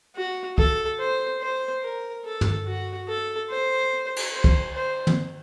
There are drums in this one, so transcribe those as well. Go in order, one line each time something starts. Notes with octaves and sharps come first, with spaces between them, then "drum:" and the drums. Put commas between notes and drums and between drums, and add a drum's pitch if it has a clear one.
F#4
A4, drum: kick
C5
C5
A#4
A4
drum: tom G2
F#4
A4
C5
drum: cymbal
C5
drum: kick
C5
drum: tom